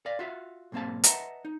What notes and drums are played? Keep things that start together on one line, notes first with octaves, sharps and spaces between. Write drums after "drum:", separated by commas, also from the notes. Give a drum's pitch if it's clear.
D5 F5
F4 F#4 E5 F5
B1 G#2 A#3 C4 F5 A5
B4 D#5 E5 F#5 A5 A#5, drum: hi-hat
D#4